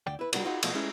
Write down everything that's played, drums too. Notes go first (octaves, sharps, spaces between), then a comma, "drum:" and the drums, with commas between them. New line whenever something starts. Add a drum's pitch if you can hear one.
D2 D5 G5
E4 B4
G3 D4 F#4 A#4 D5, drum: cymbal
D#4 F4 F#4 D#5
B1 B2 F3 A3 F#4, drum: cymbal
G#3 A3 C#4 E4 G#4